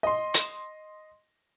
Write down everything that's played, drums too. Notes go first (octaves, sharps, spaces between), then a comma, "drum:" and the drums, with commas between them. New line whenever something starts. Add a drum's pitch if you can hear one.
D#5 C6
drum: hi-hat